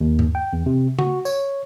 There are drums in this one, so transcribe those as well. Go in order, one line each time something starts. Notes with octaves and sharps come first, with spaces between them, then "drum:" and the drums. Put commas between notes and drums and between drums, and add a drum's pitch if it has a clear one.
D#2
drum: tom G2
G5
E2
C3
F#4, drum: tom C#3
C#5, drum: tambourine